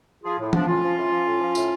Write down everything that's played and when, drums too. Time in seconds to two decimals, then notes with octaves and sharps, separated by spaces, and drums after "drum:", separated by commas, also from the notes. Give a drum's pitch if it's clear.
0.24 F3 F4 G#4
0.39 A2
0.53 F3 B3 D4, drum: tom E3
0.67 A2 C#4 F4
0.83 F3
0.97 A2
1.12 F3
1.26 A2
1.40 F3
1.55 A2, drum: tambourine